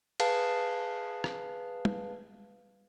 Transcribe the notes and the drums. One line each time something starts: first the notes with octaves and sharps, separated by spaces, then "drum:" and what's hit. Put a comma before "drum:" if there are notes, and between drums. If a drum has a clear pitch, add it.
G#4 B4 F5 A5, drum: cymbal
drum: rim click
drum: tom